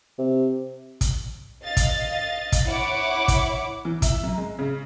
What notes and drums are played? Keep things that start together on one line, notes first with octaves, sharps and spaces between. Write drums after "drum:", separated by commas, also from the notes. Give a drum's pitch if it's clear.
C3
drum: kick, hi-hat
D#5 F5 A6
drum: kick, hi-hat
drum: kick, hi-hat
E4 C#5 F#5 D6
drum: kick, hi-hat
E3
E5, drum: kick, hi-hat
F#2
G#3
C#3